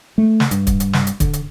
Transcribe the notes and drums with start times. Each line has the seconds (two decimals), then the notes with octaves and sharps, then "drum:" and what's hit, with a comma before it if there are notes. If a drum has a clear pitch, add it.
0.18 A3
0.40 drum: snare
0.51 G2, drum: hi-hat
0.67 drum: kick, hi-hat
0.80 drum: hi-hat
0.93 drum: snare
1.07 drum: hi-hat
1.20 D3, drum: kick, hi-hat
1.33 drum: hi-hat